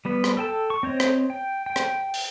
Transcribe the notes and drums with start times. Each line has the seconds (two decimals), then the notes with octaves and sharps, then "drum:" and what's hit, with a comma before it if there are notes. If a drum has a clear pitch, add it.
0.05 G3 B3 B4
0.24 drum: rim click
0.37 A4 G5 A5 E6
0.70 C#6
0.83 C4 C5 C#5 D#5
1.00 drum: rim click
1.30 G5
1.66 G5
1.76 drum: rim click
2.14 drum: open hi-hat